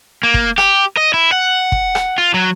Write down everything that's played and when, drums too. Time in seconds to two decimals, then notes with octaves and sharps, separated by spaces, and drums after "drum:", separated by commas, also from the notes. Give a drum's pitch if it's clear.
0.23 A#3
0.34 drum: kick
0.58 G4, drum: rim click
0.97 D#5
1.14 E4
1.32 F#5
1.72 drum: kick
1.95 drum: rim click
2.18 F4
2.34 F#3